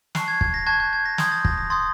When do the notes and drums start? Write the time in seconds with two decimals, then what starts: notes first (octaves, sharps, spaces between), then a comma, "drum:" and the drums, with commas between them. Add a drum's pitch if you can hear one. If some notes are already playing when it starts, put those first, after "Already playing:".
0.15 A5 C#6 F#6 C7, drum: snare
0.28 G#6
0.41 G#6, drum: kick
0.54 A#6
0.66 A5 C#6 F#6 G#6
0.80 G6
0.93 G#6
1.06 A#6
1.18 C6 D#6 G6 G#6, drum: snare
1.32 A6
1.45 A#6, drum: kick
1.58 A#6
1.70 C6 D#6 G6 A6